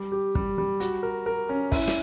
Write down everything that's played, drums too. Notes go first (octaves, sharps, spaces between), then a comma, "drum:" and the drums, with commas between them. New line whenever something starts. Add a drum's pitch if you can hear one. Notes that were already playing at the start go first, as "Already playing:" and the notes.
Already playing: G3
G4
G3, drum: kick
G3
F#4, drum: hi-hat
A#4
A#4
C#4
E4, drum: kick, open hi-hat
drum: snare